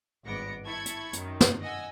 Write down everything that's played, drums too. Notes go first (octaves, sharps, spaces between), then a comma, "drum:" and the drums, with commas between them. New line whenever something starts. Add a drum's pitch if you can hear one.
G#1 G2 B3 D6 A#6 C#7
E4 A5 B5 C#6 G#6 C#7
drum: hi-hat
F#2 D#3, drum: hi-hat
drum: snare
D#5 F#5 G#5 E6